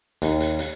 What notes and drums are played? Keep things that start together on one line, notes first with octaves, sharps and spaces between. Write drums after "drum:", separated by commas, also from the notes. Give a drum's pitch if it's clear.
D#2, drum: hi-hat
drum: hi-hat
drum: hi-hat